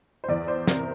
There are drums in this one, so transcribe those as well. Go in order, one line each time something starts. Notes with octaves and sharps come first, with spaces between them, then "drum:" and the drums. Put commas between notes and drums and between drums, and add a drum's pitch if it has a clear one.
C5
E2 D5
C5
C3 A#4, drum: snare